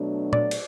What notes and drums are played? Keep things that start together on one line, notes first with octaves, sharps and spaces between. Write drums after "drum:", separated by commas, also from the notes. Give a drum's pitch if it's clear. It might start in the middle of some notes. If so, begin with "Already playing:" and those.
Already playing: B2 F#3 A3 D4
D5, drum: tom
drum: cymbal